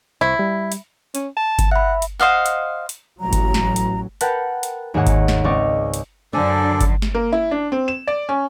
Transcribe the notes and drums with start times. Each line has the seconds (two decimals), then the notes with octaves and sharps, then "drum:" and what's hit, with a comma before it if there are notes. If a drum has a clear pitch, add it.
0.21 C2 E4 C5 C#6
0.39 G3
0.72 drum: hi-hat
1.15 C#4, drum: hi-hat
1.37 A5
1.59 drum: kick G1, hi-hat
1.71 E5 F#5 B5
2.02 drum: hi-hat
2.20 C5 D#5 F5 F#5
2.46 drum: hi-hat
2.89 drum: hi-hat
3.20 A1 F#3 A#5
3.33 drum: kick G1, hi-hat
3.54 drum: snare
3.76 drum: hi-hat
4.21 A#4 B4 F#5 G5 A5, drum: hi-hat
4.63 drum: hi-hat
4.94 D#2 G#2 G#4 C#5 F#5 F#6
5.07 drum: kick G1, hi-hat
5.28 drum: snare
5.44 C#2 C4 D5 D#5 F5 C#6
5.94 drum: hi-hat
6.33 F#2 D3 D4 A4 C5 D5 G#5
6.81 drum: kick G1, hi-hat
7.02 drum: snare
7.15 A#3
7.32 E4
7.51 D4
7.72 C4
7.88 E7
8.07 D5
8.29 C#4